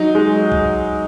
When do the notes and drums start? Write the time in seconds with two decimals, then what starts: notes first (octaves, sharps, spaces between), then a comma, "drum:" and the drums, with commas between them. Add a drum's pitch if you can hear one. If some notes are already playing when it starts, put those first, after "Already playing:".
Already playing: F#3 D#4
0.15 G#3
0.52 drum: kick